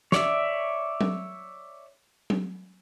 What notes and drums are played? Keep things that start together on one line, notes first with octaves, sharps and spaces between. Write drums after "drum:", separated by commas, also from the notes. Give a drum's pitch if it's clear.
C#5 D5 E5, drum: snare
drum: tom F#3
drum: tom F#3